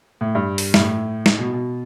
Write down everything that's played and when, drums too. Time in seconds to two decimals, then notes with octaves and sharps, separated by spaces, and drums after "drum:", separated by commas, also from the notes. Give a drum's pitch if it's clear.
0.21 A2
0.35 G2
0.58 drum: open hi-hat
0.74 G2, drum: snare
0.79 A2
1.26 drum: snare
1.39 B2
1.53 B2